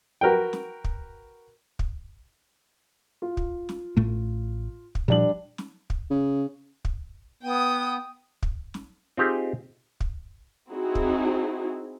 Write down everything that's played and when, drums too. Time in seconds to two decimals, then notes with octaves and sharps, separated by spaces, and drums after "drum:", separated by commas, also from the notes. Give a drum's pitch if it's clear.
0.21 F#4 A#4 B4 G5
0.53 drum: snare
0.84 drum: kick
1.79 drum: kick
3.22 F4
3.37 drum: kick
3.69 drum: snare
3.97 A1 A2 A3
4.95 drum: kick
5.08 A#2 F3 G3 D4 F#7
5.58 drum: snare
5.90 drum: kick
6.10 C#3
6.85 drum: kick
7.43 B3 G5 D#6
8.43 drum: kick
8.74 drum: snare
9.17 C4 D#4 F4 G4 G#4
10.00 drum: kick
10.71 C4 D#4 E4 F#4 G#4
10.95 drum: kick